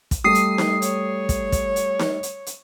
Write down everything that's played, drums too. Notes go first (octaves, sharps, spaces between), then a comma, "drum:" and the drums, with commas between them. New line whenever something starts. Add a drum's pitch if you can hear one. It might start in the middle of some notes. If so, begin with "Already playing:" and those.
drum: kick, hi-hat
G3 A3 A4 D#6 C7
drum: hi-hat
drum: snare D#4
C#5, drum: hi-hat
drum: kick, hi-hat
drum: kick, hi-hat
drum: hi-hat
drum: snare D#4
drum: hi-hat
drum: hi-hat